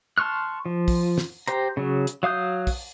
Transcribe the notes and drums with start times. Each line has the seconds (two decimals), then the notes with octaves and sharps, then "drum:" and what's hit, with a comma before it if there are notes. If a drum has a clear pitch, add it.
0.18 A5 C6 C#6 F6 F#6
0.66 F3
0.88 drum: kick, open hi-hat
1.18 drum: snare
1.48 G4 C5 A#5, drum: hi-hat
1.77 C#3 F#3
2.07 drum: hi-hat
2.23 F#3 F5 D#6 G6
2.67 drum: kick, open hi-hat